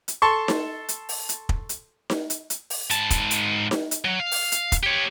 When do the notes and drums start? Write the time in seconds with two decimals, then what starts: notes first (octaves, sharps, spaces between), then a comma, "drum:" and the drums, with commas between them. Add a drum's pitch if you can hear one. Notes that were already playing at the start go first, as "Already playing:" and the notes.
0.08 drum: hi-hat
0.22 A4 A5 C6 C#6
0.48 drum: snare D#4
0.89 drum: hi-hat
1.09 drum: open hi-hat
1.29 drum: hi-hat
1.49 drum: kick
1.69 drum: hi-hat
2.10 drum: snare D#4
2.30 drum: hi-hat
2.50 drum: hi-hat
2.70 drum: open hi-hat
2.90 G#2 A5, drum: hi-hat
3.10 drum: kick, hi-hat
3.31 drum: hi-hat
3.71 drum: snare D#4
3.91 drum: hi-hat
4.05 F#3
4.20 F5
4.32 drum: open hi-hat
4.52 drum: hi-hat
4.72 drum: kick, hi-hat
4.83 G4 C#5